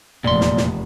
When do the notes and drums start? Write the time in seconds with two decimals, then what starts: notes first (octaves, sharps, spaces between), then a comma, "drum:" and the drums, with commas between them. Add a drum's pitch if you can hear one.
0.24 F1 E2 A#2 D5 C6
0.41 drum: snare
0.57 drum: snare